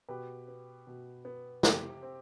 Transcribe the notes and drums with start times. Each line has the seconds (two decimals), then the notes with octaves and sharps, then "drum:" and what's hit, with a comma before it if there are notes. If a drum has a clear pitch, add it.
0.09 B2 G4 B4
0.48 B3
0.87 B2
1.25 B3
1.63 C3 G4, drum: snare
2.02 C4